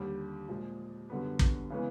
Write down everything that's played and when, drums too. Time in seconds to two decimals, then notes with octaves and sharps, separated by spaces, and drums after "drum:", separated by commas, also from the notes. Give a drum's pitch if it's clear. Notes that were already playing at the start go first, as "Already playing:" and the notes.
Already playing: D#2 D3 G3
0.48 A#2 F3 G#3
1.10 F#2 D3 G3 B3
1.39 drum: kick
1.70 C#3 E3 G#3 B3